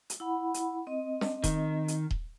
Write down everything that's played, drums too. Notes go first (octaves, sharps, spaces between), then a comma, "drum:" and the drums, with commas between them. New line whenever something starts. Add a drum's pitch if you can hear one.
drum: hi-hat
E4 F#5 B5
drum: hi-hat
C4 D#5
drum: snare
D#3, drum: kick D#1, hi-hat
drum: hi-hat
drum: kick D#1